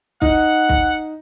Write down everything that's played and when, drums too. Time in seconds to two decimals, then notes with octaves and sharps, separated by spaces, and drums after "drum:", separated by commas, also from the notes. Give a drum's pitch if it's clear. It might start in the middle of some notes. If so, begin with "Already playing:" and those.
0.21 D#4 F#5, drum: kick
0.69 drum: kick